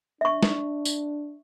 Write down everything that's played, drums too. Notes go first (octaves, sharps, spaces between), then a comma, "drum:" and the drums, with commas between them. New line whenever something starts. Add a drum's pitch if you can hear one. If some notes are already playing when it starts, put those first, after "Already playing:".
D4 E5 C#6
drum: snare
drum: tambourine